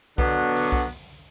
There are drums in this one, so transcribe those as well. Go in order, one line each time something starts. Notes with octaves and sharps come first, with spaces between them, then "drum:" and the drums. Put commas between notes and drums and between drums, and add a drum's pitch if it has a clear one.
B2 D3 F#3 B3 D4 F#4, drum: kick B1
drum: open hi-hat
drum: kick B1